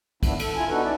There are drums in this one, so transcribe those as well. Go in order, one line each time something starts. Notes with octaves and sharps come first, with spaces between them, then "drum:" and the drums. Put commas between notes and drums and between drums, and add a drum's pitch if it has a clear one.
G2 D#3 B3 D4 E4, drum: kick, cymbal
A4, drum: cymbal
D3 E4 F4 G#5
B3 D4 D#4 F#4 A4 B4
G3 C#4 E4 D5 E5